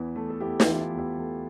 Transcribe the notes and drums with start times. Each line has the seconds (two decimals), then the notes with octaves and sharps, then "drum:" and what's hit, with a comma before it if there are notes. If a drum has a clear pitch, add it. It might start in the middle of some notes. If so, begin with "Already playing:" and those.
Already playing: E2 E3 E4
0.16 A3
0.30 A4
0.40 E2 E4 G4
0.60 F4 A4, drum: snare
0.67 E3
0.79 E4
0.92 E2
0.98 E4 G4
1.18 A3